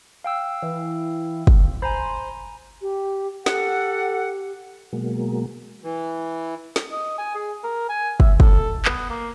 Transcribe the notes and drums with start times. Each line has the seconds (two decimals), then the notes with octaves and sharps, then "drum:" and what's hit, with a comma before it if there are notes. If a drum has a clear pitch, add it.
0.24 F5 G5 E6
0.62 E3
1.47 drum: kick
1.82 C5 G#5 A#5 B5
2.82 G4
3.46 G4 A4 F#5, drum: snare
4.93 B2 F#3 G#3 A#3
5.84 E3
6.76 drum: snare
6.92 D#5
7.18 G#5
7.35 G#4
7.64 A#4
7.89 G#5
8.20 E5, drum: kick
8.40 A4, drum: kick
8.85 B3, drum: clap
9.10 A#3